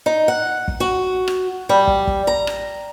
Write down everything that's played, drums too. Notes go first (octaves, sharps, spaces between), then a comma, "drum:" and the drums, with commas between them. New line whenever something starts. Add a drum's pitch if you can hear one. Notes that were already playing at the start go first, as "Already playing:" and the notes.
D#4
F#5
drum: kick
F#4
drum: rim click
G3
drum: kick
drum: kick
A#5
drum: rim click